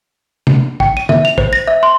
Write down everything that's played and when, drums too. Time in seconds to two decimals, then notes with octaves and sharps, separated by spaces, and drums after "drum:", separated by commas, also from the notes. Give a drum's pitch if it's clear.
0.47 drum: tom C3
0.80 G5, drum: kick
0.97 D#7
1.09 E5, drum: tom
1.25 F7
1.38 C5, drum: kick
1.53 A#6
1.68 E5
1.83 C6